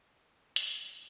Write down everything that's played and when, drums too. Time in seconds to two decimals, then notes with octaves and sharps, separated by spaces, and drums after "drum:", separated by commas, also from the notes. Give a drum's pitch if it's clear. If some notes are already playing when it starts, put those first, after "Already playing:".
Already playing: A2
0.09 C4
0.25 A3
0.41 E3
0.56 A2, drum: hi-hat
0.72 G#3
0.87 B2